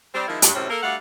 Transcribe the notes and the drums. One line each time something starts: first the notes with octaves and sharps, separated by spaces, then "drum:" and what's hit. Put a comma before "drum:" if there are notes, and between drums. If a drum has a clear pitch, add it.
G3 C4
D#3 F3 G#3 A#3 E4
G2, drum: hi-hat
F#2 A2 C3 G3 C4 C#4
A#3 A4 A#4
G3 A3 D4 F#4 F5 F#5